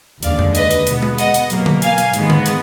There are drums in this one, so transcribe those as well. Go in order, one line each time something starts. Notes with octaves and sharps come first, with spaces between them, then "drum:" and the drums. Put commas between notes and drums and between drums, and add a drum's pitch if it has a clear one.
D#2 D3 G#3 D5 F5, drum: hi-hat
drum: tom F2
B4 D#5, drum: hi-hat
drum: hi-hat
B2 G#3 B3, drum: hi-hat
drum: tom G#3
D#5 F#5, drum: hi-hat
drum: hi-hat
B2 F#3 A#3, drum: hi-hat
drum: tom D3
F5 G#5, drum: hi-hat
drum: hi-hat
G#2 D#3 G#3 B3, drum: hi-hat
drum: tom D3
drum: hi-hat